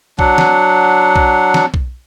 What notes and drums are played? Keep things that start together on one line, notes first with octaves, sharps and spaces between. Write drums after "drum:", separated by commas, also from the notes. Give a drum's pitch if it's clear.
F#3 D4 F#5, drum: kick B1
drum: snare
drum: kick B1
drum: snare
drum: kick B1